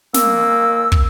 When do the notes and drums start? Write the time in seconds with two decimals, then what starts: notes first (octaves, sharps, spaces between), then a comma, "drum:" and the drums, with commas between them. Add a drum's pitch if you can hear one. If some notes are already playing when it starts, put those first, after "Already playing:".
0.14 A#3 E6, drum: snare
0.92 drum: kick